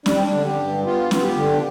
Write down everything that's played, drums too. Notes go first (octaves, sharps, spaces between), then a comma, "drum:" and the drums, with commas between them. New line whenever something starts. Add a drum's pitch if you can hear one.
G3 D4, drum: snare C#4
C4
D4
D3
G4
G2
B3 F4
B3 F4, drum: snare C#4
G4
D3
D4